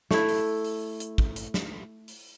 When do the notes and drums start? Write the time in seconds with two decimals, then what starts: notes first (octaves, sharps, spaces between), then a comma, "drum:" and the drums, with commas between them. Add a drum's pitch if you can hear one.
0.11 A3 E4, drum: snare
0.29 drum: open hi-hat
0.64 drum: open hi-hat
1.00 drum: hi-hat
1.18 drum: kick
1.36 drum: hi-hat
1.54 drum: snare
2.08 drum: open hi-hat